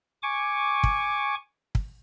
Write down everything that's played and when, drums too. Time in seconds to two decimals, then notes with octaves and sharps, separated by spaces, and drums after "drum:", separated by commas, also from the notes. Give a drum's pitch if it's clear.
0.23 G#5 C#6 D6
0.84 drum: kick
1.75 drum: kick